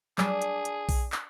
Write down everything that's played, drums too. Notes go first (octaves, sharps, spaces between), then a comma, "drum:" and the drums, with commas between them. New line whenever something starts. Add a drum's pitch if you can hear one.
F#3 G3 D4 G#4, drum: clap
drum: hi-hat
drum: hi-hat
drum: kick B1, open hi-hat
drum: clap